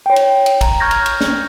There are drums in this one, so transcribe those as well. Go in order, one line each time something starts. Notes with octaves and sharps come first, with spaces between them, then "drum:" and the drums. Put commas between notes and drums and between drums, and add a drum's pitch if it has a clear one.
C#5 G5
drum: cymbal
drum: cymbal
A#5, drum: kick, cymbal
C#6 F6 G6 G#6 A#6
drum: cymbal
drum: cymbal
drum: snare